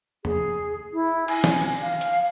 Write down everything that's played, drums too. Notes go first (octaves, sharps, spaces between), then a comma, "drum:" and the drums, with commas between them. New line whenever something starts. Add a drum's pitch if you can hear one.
G#4, drum: tom E2
E4
G#5, drum: cymbal
drum: snare
F5
drum: hi-hat